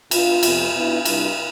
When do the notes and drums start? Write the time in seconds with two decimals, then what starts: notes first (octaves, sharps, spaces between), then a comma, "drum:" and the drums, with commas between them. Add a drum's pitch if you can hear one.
0.11 B2 B3 D4 F4, drum: cymbal
0.43 F2 C3 F3 B3, drum: cymbal
0.74 B2 B3 D4 E4
1.05 C3 G3 D4 E4, drum: cymbal